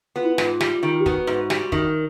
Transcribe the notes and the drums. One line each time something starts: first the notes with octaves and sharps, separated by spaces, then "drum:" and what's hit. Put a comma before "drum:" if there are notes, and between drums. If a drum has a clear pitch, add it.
B3 F4
E4
F4
G#2, drum: snare
G3, drum: snare
D#3
G4
B3 F#4, drum: kick
G#2
G3, drum: snare
D#3, drum: kick